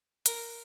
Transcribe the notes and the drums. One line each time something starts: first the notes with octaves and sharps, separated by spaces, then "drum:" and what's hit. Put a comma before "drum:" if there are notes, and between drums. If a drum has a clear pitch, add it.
A#4, drum: hi-hat